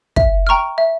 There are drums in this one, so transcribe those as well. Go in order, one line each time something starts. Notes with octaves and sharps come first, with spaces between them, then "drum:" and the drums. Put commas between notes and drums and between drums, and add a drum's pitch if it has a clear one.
E5, drum: kick
G5 A#5 C#6 F6
E5